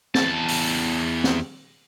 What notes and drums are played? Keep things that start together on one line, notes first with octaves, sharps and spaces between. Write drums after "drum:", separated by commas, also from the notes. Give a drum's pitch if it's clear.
E2 A5, drum: snare
drum: open hi-hat
drum: snare